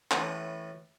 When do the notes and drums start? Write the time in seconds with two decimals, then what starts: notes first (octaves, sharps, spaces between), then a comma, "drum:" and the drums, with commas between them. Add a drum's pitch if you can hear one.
0.11 A2 E3 C#4, drum: clap